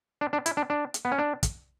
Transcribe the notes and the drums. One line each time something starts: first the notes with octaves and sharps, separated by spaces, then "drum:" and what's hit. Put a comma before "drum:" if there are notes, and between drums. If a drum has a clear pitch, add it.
D4
D4
E4, drum: hi-hat
D4
D4
drum: hi-hat
B3
C#4
D4
drum: kick, hi-hat